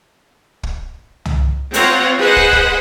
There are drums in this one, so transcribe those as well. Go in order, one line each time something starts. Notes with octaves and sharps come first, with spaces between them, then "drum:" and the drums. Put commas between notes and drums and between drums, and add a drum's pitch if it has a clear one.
drum: kick
drum: tom
C4 F4 C#5 F#5 A#5, drum: hi-hat
G#4 B4 C5 D#5 F#5
drum: kick
drum: kick